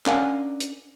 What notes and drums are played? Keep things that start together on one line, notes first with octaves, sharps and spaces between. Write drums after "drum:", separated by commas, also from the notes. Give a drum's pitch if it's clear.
C#4 D4 A#4 F5 F#5 G#5, drum: clap
drum: hi-hat